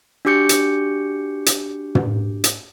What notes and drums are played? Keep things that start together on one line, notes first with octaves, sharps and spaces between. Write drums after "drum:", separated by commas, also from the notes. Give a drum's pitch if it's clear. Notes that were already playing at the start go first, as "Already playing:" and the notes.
D4 F#4 G4 D6 G6 C#7
drum: hi-hat
drum: hi-hat
drum: tom
drum: hi-hat